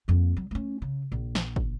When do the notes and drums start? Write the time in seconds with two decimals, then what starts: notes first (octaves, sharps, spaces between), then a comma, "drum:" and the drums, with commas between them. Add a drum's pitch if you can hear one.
0.08 F2 A#3
0.37 F#3
0.51 A3 C#4
0.82 C#3
1.12 A#1
1.35 drum: snare
1.56 drum: kick